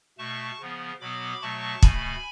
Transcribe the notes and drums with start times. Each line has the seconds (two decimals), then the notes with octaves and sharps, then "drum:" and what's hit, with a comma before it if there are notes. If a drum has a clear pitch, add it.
0.18 B2 A3 A5 C#6
0.60 C#3 F3 B3
1.00 B2 F#3 B3 B5 D6
1.42 B2 F#3 A3 A5 C#6
1.83 B2 A3 G#5 B5, drum: kick